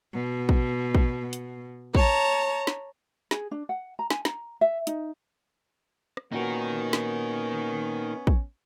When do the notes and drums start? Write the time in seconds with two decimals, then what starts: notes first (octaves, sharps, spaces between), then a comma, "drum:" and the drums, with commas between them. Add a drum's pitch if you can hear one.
0.13 B2
0.49 drum: kick
0.95 drum: kick
1.33 drum: hi-hat
1.95 C#5 A5 A#5, drum: kick
2.67 drum: snare
3.31 G#4, drum: snare
3.51 D4
3.69 F#5
3.99 A#5
4.10 G#5, drum: snare
4.25 A#5, drum: snare
4.61 E5
4.87 D#4, drum: hi-hat
6.17 drum: rim click
6.32 A#2 B3 C#4 D#4 F#4 A#4
6.93 drum: snare
8.27 drum: kick